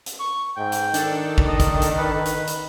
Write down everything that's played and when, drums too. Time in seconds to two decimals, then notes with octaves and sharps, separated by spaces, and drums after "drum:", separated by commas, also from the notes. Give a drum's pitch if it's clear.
0.06 drum: hi-hat
0.20 C#6
0.57 G#2 G5
0.72 drum: hi-hat
0.94 D#3 D4 A4, drum: hi-hat
1.38 drum: kick
1.48 D#5
1.60 drum: kick, hi-hat
1.82 drum: hi-hat
1.98 B4
2.25 drum: hi-hat
2.47 drum: hi-hat